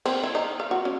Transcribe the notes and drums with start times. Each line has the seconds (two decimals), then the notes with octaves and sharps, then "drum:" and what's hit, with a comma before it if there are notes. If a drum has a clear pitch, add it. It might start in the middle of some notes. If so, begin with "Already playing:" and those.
0.05 C4, drum: cymbal
0.23 E4
0.35 D#4
0.60 F5
0.71 F#4
0.85 C#4